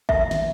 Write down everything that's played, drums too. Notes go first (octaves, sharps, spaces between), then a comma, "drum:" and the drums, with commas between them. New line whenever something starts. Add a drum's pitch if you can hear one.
E5, drum: kick
drum: snare